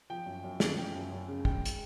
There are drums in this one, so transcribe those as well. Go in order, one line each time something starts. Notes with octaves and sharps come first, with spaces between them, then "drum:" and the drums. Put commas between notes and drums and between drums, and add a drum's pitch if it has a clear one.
F3 G5
F#2
F#2
C#3, drum: snare
F3 G5
F#2
F#2
C#3
G#3 G5, drum: kick
drum: hi-hat